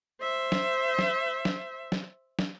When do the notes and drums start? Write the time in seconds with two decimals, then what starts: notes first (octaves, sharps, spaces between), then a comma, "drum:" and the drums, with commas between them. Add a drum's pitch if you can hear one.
0.21 C5 E5
0.52 drum: snare
0.99 drum: snare
1.45 drum: snare
1.92 drum: snare
2.39 drum: snare